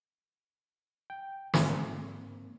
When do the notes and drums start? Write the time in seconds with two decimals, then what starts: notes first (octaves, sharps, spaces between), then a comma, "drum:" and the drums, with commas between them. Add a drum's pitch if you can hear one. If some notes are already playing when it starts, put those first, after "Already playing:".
1.10 G5
1.54 G#2 A#3 C4, drum: snare